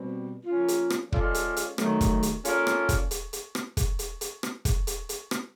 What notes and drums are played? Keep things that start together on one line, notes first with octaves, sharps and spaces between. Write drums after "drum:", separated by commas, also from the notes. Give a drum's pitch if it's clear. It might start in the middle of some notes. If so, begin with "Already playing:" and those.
Already playing: B2 G3 C4
F3 A#3 C#4 F4
drum: hi-hat
drum: rim click
G#3 C#4 F4 A4 D5, drum: kick
drum: hi-hat
drum: hi-hat
D#3 F#3 A3, drum: rim click
drum: kick, hi-hat
drum: hi-hat
A#3 C#4 F4 A4 D5, drum: hi-hat
drum: rim click
drum: kick, hi-hat
drum: hi-hat
drum: hi-hat
drum: rim click
drum: kick, hi-hat
drum: hi-hat
drum: hi-hat
drum: rim click
drum: kick, hi-hat
drum: hi-hat
drum: hi-hat
drum: rim click